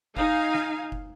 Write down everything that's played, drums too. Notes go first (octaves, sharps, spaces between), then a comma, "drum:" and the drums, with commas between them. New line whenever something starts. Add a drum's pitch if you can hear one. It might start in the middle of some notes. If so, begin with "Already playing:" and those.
D#4 F5 G#5, drum: kick F#1
drum: snare
drum: kick F#1